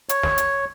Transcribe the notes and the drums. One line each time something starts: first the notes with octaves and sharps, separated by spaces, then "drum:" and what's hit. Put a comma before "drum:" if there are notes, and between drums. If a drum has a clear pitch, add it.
C#5, drum: hi-hat
drum: snare
drum: hi-hat